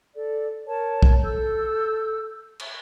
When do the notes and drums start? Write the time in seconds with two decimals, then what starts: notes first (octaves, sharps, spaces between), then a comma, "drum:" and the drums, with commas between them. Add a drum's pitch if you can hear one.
0.15 A4 D5
0.67 A#4 C#5 A5
1.03 drum: kick
1.23 A4 E6 G6
2.60 drum: cymbal